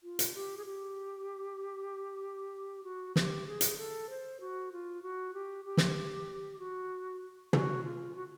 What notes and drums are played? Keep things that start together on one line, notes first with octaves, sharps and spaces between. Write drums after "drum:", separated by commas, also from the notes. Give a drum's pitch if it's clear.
F4
drum: hi-hat
G4
G#4
G4
F#4
G4, drum: snare
G#4
drum: hi-hat
A4
C5
F#4
F4
F#4
G4
G4
drum: snare
F#4
F#4, drum: tom
F4
F#4